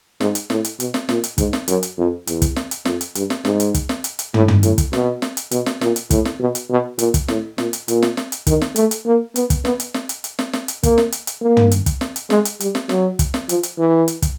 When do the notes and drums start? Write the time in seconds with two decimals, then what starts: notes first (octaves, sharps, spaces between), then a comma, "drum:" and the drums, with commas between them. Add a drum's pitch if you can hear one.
0.21 G#2, drum: snare
0.35 drum: hi-hat
0.50 A2, drum: snare
0.65 drum: hi-hat
0.80 B2, drum: hi-hat
0.94 drum: snare
1.09 A#2, drum: snare
1.24 drum: hi-hat
1.38 G#2, drum: kick, hi-hat
1.53 drum: snare
1.68 F#2, drum: hi-hat
1.83 drum: hi-hat
1.98 F2
2.27 E2, drum: hi-hat
2.42 drum: kick, hi-hat
2.56 drum: snare
2.71 drum: hi-hat
2.85 F2, drum: snare
3.01 drum: hi-hat
3.15 G2, drum: hi-hat
3.30 drum: snare
3.45 G#2, drum: snare
3.60 drum: hi-hat
3.74 drum: kick, hi-hat
3.89 drum: snare
4.04 drum: hi-hat
4.19 drum: hi-hat
4.34 A2, drum: tom
4.48 drum: tom
4.63 A2, drum: hi-hat
4.78 drum: kick, hi-hat
4.93 B2, drum: snare
5.22 drum: snare
5.37 drum: hi-hat
5.51 B2, drum: hi-hat
5.66 drum: snare
5.81 A#2, drum: snare
5.96 drum: hi-hat
6.10 A2, drum: kick, hi-hat
6.25 drum: snare
6.40 B2
6.55 drum: hi-hat
6.70 B2
6.99 A#2, drum: hi-hat
7.14 drum: kick, hi-hat
7.28 A2, drum: snare
7.58 A#2, drum: snare
7.73 drum: hi-hat
7.88 A#2, drum: hi-hat
8.02 drum: snare
8.17 drum: snare
8.32 drum: hi-hat
8.47 D#3, drum: kick, hi-hat
8.62 drum: snare
8.76 A3, drum: hi-hat
8.91 drum: hi-hat
9.06 A#3
9.36 B3, drum: hi-hat
9.50 drum: kick, hi-hat
9.65 B3, drum: snare
9.80 drum: hi-hat
9.94 drum: snare
10.09 drum: hi-hat
10.24 drum: hi-hat
10.39 drum: snare
10.53 drum: snare
10.68 drum: hi-hat
10.83 A#3, drum: kick, hi-hat
10.98 drum: snare
11.12 drum: hi-hat
11.27 drum: hi-hat
11.41 A#3
11.57 drum: tom
11.71 drum: hi-hat
11.86 drum: kick, hi-hat
12.01 drum: snare
12.16 drum: hi-hat
12.30 G#3, drum: snare
12.45 drum: hi-hat
12.60 G3, drum: hi-hat
12.75 drum: snare
12.89 F#3, drum: snare
13.19 drum: kick, hi-hat
13.34 drum: snare
13.49 F3, drum: hi-hat
13.63 drum: hi-hat
13.78 E3
14.08 drum: hi-hat
14.22 drum: kick, hi-hat